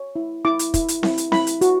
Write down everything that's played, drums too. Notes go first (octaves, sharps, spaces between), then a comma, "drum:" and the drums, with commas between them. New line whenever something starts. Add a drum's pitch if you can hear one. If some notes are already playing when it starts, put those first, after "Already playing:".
Already playing: C#5
E4
E4 D6
drum: hi-hat
E4, drum: kick, hi-hat
drum: hi-hat
E4, drum: snare C4
drum: hi-hat
E4 B5, drum: snare C4
drum: hi-hat
F#4, drum: hi-hat